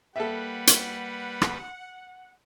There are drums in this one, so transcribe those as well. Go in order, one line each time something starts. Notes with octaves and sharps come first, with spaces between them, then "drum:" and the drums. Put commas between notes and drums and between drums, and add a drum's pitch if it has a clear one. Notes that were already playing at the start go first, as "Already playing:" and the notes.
G3 A#3 A4 B4 E5 F#5 G5
drum: hi-hat
drum: rim click